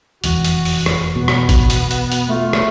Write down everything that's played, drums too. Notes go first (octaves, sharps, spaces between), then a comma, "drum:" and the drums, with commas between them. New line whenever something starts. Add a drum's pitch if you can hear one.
F1 E2 F#4, drum: hi-hat
drum: hi-hat
drum: open hi-hat
drum: rim click
B2 B3
drum: rim click
drum: kick, hi-hat
drum: hi-hat
drum: hi-hat
drum: hi-hat
A3 F4
drum: rim click